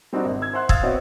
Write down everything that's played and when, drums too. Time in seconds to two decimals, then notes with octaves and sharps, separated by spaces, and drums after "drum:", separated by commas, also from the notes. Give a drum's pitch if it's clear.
0.13 G3 C4 D4 D#4 F#4
0.25 G#1
0.42 E6 G#6
0.53 C5 E5 F#5 C6 F#6
0.69 E5 F5 D#6 E6 G#6 A6, drum: kick
0.82 B3 C4 F#4 C#5 D#5 E5